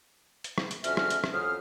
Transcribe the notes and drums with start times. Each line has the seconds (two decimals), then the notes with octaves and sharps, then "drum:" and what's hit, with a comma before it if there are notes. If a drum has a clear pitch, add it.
0.44 drum: hi-hat
0.58 drum: rim click
0.71 drum: hi-hat
0.84 F2 D3 C#4 F#4 E5 F6, drum: hi-hat
0.97 drum: rim click
1.10 drum: hi-hat
1.24 drum: rim click
1.33 F2 F#3 C#4 C5 D#6 F6